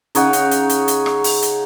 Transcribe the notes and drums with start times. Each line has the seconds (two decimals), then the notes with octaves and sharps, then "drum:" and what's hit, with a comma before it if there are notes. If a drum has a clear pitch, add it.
0.15 C#3 D#4 C#5 F#5, drum: hi-hat
0.33 drum: hi-hat
0.51 drum: hi-hat
0.69 drum: hi-hat
0.88 drum: hi-hat
1.06 drum: rim click
1.24 drum: open hi-hat
1.42 drum: hi-hat